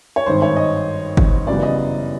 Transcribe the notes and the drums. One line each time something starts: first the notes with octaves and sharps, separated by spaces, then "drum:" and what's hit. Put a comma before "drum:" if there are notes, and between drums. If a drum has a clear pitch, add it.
C#5
G#1 G2 D#3 C5
C#5
D#5
drum: kick G1
F#2 C#3 E3 G3 B3 D5
D#5